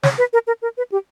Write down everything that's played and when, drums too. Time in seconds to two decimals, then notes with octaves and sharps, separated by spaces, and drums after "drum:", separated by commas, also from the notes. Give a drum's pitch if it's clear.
0.03 C#5, drum: snare
0.18 B4
0.33 A#4
0.47 A#4
0.62 A#4
0.77 B4
0.92 G4